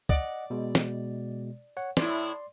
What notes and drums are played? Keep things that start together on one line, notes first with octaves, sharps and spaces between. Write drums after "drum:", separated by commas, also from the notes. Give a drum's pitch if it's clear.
D5 D#5 F#5, drum: kick
B2 G#3
drum: snare
C#5 F#5
A2 E4 D5 C6, drum: snare